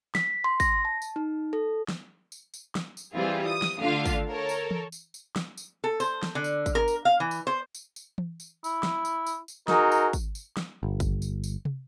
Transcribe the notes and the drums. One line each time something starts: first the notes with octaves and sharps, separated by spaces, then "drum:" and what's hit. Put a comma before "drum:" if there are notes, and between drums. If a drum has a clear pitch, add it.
B6, drum: snare
C6
A#6, drum: kick, tambourine
A5
drum: tambourine
D#4
A4
drum: snare
drum: tambourine
drum: tambourine
drum: snare
drum: tambourine
E3 G3 C4 E4 F4 G#4
D#6
drum: snare
D3 A3 D4 F4 F5
drum: kick, tambourine
A4 A#4 C#5
drum: tambourine
drum: tom E3
drum: tambourine
drum: tambourine
drum: snare
drum: tambourine
A4
C5, drum: tambourine
drum: snare
D3
drum: tambourine
drum: kick, tambourine
A#4
drum: tambourine
F5
E3
drum: tambourine
C5
drum: tambourine
drum: tambourine
drum: tom E3
drum: tambourine
E4, drum: tambourine
drum: snare
drum: tambourine
drum: tambourine
drum: tambourine
D#4 F#4 G#4 A#4, drum: snare
drum: tambourine
drum: kick, tambourine
drum: tambourine
drum: snare
G1
drum: kick, tambourine
drum: tambourine
drum: tambourine
drum: tom